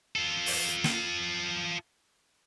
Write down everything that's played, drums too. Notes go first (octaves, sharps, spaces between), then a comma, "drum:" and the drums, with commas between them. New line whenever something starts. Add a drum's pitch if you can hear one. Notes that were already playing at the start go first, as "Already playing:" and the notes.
F4 A4
drum: open hi-hat
drum: snare